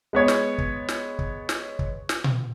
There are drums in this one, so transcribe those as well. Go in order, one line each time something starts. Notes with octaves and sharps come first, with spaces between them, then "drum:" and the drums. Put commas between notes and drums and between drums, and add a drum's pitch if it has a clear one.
G#3 B3 C#5
drum: snare
drum: kick
drum: snare
drum: kick
drum: snare
drum: kick
drum: snare
drum: tom A#2